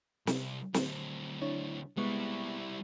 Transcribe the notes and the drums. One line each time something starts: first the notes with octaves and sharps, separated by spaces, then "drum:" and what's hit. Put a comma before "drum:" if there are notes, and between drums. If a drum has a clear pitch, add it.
C2, drum: snare
D2 C4, drum: snare
D4 E4 C#5
G3 G#3 B3 E4 C#6